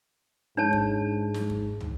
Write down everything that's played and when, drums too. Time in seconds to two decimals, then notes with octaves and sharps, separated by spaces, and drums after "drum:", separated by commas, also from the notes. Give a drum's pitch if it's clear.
0.57 G#2 D4 C#5 A5
0.73 drum: kick
1.34 drum: snare
1.50 drum: kick
1.80 drum: tom